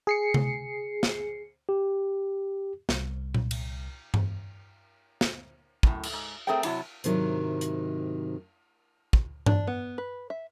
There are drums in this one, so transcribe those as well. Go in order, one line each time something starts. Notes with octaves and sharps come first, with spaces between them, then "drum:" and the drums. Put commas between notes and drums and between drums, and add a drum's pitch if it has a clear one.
G#4 C7 C#7
drum: tom C3
drum: snare
G4
C2, drum: snare
drum: tom A#2
drum: cymbal
drum: tom G2
drum: snare
F#2 A2, drum: kick
drum: cymbal
G#2
A3 C4 G#4 A#4 C5 G5
C3 F#3 E4 A5, drum: cymbal
G#2 C3 D#3 F#3 E4, drum: hi-hat
drum: hi-hat
drum: kick
D4, drum: tom G2
B3
B4
E5